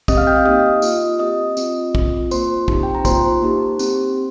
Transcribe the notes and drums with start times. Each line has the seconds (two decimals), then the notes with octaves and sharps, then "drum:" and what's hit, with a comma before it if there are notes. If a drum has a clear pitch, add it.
0.08 C4 G4 D#5 D#6, drum: kick, tambourine
0.17 F5 F6
0.27 G5 G6
0.36 F5 F6
0.45 A#3 D#4 G4 D#5 D#6
0.82 A#3 F4, drum: tambourine
1.19 C4 G4 D#5 D#6
1.57 C4 F4, drum: tambourine
1.95 C4 F4, drum: kick
2.31 A#3 F4 C5 C6, drum: tambourine
2.68 C4 D#4 G4, drum: kick
2.83 G5
2.95 A#5
3.05 A#3 F4 C5 C6, drum: kick, tambourine
3.42 A#3 D#4 G4
3.79 C4 G4, drum: tambourine